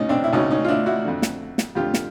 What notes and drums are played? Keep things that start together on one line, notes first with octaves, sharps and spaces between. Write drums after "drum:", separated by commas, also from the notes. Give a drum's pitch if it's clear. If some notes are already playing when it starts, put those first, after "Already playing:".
Already playing: C#2 B2 C#4 D#4
C4 D4
E4
C#2 B2 C#4 D#4
C#4 D#4
F4
D4 E4
E4 F#4
F2 D3
drum: snare
drum: snare
F2 D3 F4 G4
drum: snare